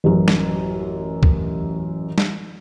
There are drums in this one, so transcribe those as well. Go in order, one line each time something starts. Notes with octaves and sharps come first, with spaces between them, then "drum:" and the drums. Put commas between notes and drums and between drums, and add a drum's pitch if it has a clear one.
A1 F#2
drum: snare
drum: kick C#2
drum: snare